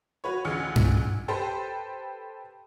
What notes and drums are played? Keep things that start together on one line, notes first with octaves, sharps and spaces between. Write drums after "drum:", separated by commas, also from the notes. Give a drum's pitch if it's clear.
F#4 B4 C#5
A1 D2 F4 G#4 F6 C#7
drum: tom G2
G4 A4 B4 C5 G5 A5